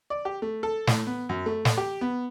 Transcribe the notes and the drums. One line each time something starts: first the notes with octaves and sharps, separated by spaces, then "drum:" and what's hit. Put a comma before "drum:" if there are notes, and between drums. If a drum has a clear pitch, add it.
D5
G4
A3
A4
A2, drum: snare
B3
F#2
A3
drum: snare
G4
B3